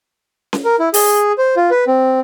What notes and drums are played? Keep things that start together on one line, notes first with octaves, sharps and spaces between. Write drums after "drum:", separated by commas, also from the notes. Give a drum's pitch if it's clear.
drum: snare C#4
A#4
E4
G#4, drum: open hi-hat
C5
F4
B4
C4